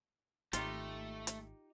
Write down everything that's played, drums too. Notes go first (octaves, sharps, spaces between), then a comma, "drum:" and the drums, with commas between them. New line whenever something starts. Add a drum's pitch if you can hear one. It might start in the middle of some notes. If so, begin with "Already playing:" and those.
G#1 A3 D#4 F4 G4, drum: hi-hat
drum: hi-hat